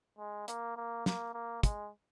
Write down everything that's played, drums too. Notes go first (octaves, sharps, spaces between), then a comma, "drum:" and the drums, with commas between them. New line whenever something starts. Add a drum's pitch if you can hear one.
G#3
A#3, drum: hi-hat
A#3
A#3, drum: snare
A#3
G#3, drum: kick, hi-hat